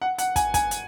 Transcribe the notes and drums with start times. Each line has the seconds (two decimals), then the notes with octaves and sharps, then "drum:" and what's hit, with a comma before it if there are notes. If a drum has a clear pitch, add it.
0.02 F#5
0.18 F#5, drum: hi-hat
0.36 G#5, drum: kick, hi-hat
0.54 G#5, drum: kick, hi-hat
0.71 drum: hi-hat